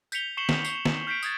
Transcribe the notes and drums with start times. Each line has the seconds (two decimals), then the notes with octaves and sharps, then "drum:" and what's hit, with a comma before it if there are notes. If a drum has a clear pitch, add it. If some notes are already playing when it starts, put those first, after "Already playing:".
0.12 G6 B6 C#7 F7 G7, drum: tambourine
0.37 C#6 C7 C#7 E7 F#7 G7
0.49 drum: snare
0.65 C7, drum: tambourine
0.85 drum: snare
1.07 F6 G6 B6 C7 D7
1.23 D#6 G#6 A6, drum: tambourine